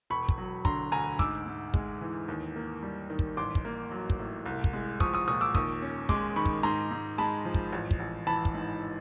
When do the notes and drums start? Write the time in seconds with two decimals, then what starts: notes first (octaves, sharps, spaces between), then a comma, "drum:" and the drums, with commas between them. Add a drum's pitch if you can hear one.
0.10 E1 B5 C#6
0.29 drum: kick
0.38 F#3
0.65 D3 A#5 C6, drum: kick
0.92 D2 G#5 A#5
1.19 G#2 D6 E6, drum: kick
1.47 G#2
1.74 G#3, drum: kick
2.01 E3
2.28 D#2
2.56 A#3
2.83 G3
3.10 D#3
3.19 drum: kick
3.37 A1 C6 D6
3.55 drum: kick
3.65 A#3
3.91 F#3
4.10 drum: kick
4.19 A2
4.46 C2
4.64 drum: kick
4.73 G#3
5.00 F3 C#6 D#6, drum: kick
5.14 C#6 D#6
5.28 A#2 C#6 D#6
5.41 D6 E6
5.55 D#2 C#6 D#6, drum: kick
5.82 C#4
6.09 G#3 C6 D6, drum: kick
6.36 D#3 B5 C#6
6.46 drum: kick
6.63 G#2 A#5 C6
6.91 G#2
7.18 G#3 A5 B5
7.45 F3
7.54 drum: kick
7.72 A1
7.91 drum: kick
8.00 A1
8.27 E3 A5 B5
8.45 drum: kick
8.54 G#2